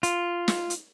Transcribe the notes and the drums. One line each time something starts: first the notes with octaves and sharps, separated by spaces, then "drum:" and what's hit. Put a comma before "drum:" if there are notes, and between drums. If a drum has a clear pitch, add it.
F4, drum: hi-hat
drum: snare
drum: hi-hat